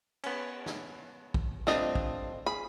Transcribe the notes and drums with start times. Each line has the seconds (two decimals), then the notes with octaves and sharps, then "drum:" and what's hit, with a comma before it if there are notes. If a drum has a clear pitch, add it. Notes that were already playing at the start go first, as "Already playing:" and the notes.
0.24 B3 C#4, drum: cymbal
0.66 drum: snare
1.34 drum: kick
1.67 G2 A3 C4 D4 F4 D#5, drum: snare
1.95 drum: kick
2.46 G#4 B5